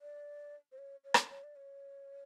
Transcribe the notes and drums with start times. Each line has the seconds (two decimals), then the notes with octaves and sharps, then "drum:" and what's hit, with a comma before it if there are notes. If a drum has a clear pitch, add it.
0.01 D5
0.72 C5
0.78 C#5
1.04 C#5
1.14 drum: rim click
1.30 C#5
1.44 D5
1.56 C#5